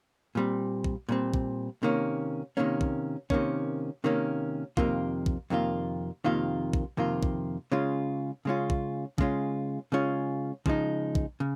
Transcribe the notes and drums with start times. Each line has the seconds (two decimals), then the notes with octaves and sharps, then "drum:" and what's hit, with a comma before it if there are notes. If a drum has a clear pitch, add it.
0.35 A#2 G3 C4
0.84 drum: kick
1.09 A#2 G3 C4
1.34 drum: kick
1.83 C3 D#3 A#3 C#4
2.57 C3 D#3 A#3 C#4
2.81 drum: kick
3.30 C3 D#3 A#3 C#4, drum: kick
4.04 C3 D#3 A#3 C#4
4.77 F2 C3 D#3 A#3 F4, drum: kick
5.26 drum: kick
5.50 F2 C3 D#3 A#3 F4
6.24 F2 C3 D#3 A#3 F4
6.73 drum: kick
6.97 F2 C3 D#3 A#3 F4
7.23 drum: kick
7.72 C#3 G#3 C#4 F4
8.45 C#3 G#3 C#4 F4
8.70 drum: kick
9.18 C#3 G#3 C#4 F4, drum: kick
9.92 C#3 G#3 C#4 F4
10.66 C#3 F3 G#3 D#4, drum: kick
11.15 drum: kick
11.40 C#3